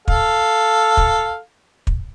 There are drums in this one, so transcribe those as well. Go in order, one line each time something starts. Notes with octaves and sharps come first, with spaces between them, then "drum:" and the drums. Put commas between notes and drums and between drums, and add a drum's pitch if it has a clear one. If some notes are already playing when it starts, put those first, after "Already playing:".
A4 F5, drum: kick
drum: kick
drum: kick